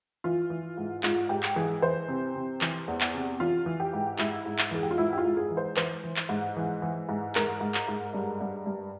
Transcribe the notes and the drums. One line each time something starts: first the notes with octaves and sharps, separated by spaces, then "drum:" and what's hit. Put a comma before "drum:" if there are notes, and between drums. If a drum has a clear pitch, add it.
E3 F4
E3
G#2
G#2 F4, drum: clap
G#2 G4
drum: clap
E3 G#4
E3 C5
C3
C3
E3, drum: clap
E2
drum: clap
C3
E3 F4
E3
G4
G#2
G#2 E4, drum: clap
G#2
drum: clap
E3 G#4
G4
F4
G#2 E4
G4
F4
G#2
G#4
E3
C5
E3 C5, drum: clap
E3
drum: clap
G#2
E3
E3
G#2
G#2 A#4, drum: clap
G#2
drum: clap
G#2
G2
G2
G2